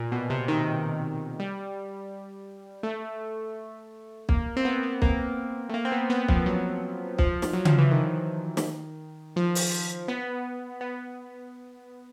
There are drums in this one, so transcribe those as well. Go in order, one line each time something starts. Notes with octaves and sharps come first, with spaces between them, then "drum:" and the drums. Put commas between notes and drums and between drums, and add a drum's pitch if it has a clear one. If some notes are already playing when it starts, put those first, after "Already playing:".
Already playing: A#2
B2
C3
D#3
G3
A3
A#3, drum: kick B1
C4
B3
B3
A#3, drum: kick B1
A3
A#3
C4
B3
B3
F3, drum: kick B1
F#3
F3, drum: kick B1
drum: snare
F#3
F3, drum: tom C#3
E3
D#3
drum: snare
F3
drum: open hi-hat
B3
B3